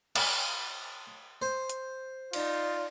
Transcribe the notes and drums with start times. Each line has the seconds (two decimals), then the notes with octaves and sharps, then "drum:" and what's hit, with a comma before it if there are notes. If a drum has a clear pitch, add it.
0.16 F5, drum: cymbal
1.42 C5
1.69 drum: hi-hat
2.33 D#4 F4 D5, drum: cymbal